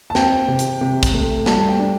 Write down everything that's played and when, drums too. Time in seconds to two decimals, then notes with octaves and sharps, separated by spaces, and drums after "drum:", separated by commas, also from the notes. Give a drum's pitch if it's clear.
0.10 A5
0.15 C4 G5, drum: snare
0.48 C3
0.59 drum: hi-hat
0.81 C3
1.03 drum: kick, hi-hat
1.14 A3
1.46 G3 A5, drum: snare
1.68 G5
1.79 D4